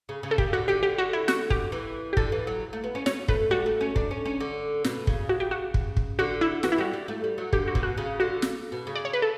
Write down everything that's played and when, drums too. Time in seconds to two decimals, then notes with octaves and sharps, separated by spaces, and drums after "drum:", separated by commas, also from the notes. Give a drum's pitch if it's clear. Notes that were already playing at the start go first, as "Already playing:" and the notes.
0.09 C#3
0.23 C#3
0.31 A4
0.38 C#3 G4, drum: kick
0.53 D3 F#4
0.68 D3 G4
0.83 D3 G4
0.98 F#4
1.13 E4
1.28 F#4, drum: snare
1.50 G4, drum: kick
1.72 E3
2.13 G4
2.17 D3 A4, drum: kick
2.32 E3
2.47 F#3
2.73 A3
2.84 B3
2.95 C#4
3.06 C#4 C#5, drum: snare
3.28 A3 B4, drum: kick
3.51 G3 F#4
3.66 A3
3.81 C#4
3.96 D4, drum: kick
4.11 C#4
4.25 C#4
4.40 D3
4.84 B2, drum: snare
5.07 C#3, drum: kick
5.29 F#4
5.40 G4
5.51 F#4
5.74 drum: kick
5.97 drum: kick
6.19 D3 F#4
6.41 E4
6.63 E3 F#4, drum: snare
6.72 E4
6.78 G3 F#4
6.93 G3
7.08 A3
7.24 G3
7.38 F#3
7.53 D3 G4, drum: kick
7.68 F#4
7.75 B2, drum: kick
7.83 F#4
7.98 C#3
8.20 D3 F#4
8.42 drum: snare
8.72 B2
8.87 C#3
8.95 D5
9.05 C#5
9.13 B4
9.22 A4